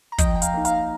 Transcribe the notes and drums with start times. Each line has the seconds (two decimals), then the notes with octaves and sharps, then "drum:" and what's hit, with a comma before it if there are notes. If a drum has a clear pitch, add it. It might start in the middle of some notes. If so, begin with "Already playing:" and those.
0.12 A#5
0.18 F3 D#5 G5, drum: kick, hi-hat
0.36 G5
0.42 F5 A#5, drum: hi-hat
0.54 A#3 D#4
0.65 F5 A#5, drum: hi-hat